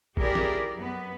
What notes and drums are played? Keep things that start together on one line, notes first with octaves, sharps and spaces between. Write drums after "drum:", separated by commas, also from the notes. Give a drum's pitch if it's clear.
E4 G4 G#4 A#4 D5, drum: kick A1
drum: snare
F#2 B3 B4